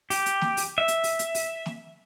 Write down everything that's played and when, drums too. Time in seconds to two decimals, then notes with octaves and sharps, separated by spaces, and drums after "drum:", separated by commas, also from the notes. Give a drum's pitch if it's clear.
0.10 G4, drum: open hi-hat
0.26 drum: hi-hat
0.41 drum: snare
0.57 drum: open hi-hat
0.78 E5
0.88 drum: hi-hat
1.04 drum: open hi-hat
1.19 drum: hi-hat
1.35 drum: open hi-hat
1.66 drum: snare